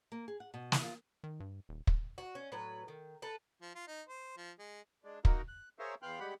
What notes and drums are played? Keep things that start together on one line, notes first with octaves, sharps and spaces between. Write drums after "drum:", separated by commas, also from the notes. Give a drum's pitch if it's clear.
A#3
G#4
F#5
B2
E4, drum: snare
F4
D#3
G2
D#1
drum: kick
F#4
C#4
A2 F#3 B4
D#3
A4 B4
F3
F4
D#4
C5
F3
G#3
G#3 D4
A#3 D#4 F#4 A#4, drum: kick
F#6
G#4 A#4 C5 C#5 E5 F5
E2 B3 F5 G5 C6 F#6
G3 G#3 G4 F#5 B5